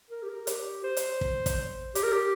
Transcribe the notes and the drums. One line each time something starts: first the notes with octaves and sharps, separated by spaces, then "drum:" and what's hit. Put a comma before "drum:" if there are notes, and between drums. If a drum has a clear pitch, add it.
A#4
G4
A#4
G4, drum: hi-hat
C5
drum: hi-hat
drum: kick
drum: kick, hi-hat
G4, drum: hi-hat
A#4
G4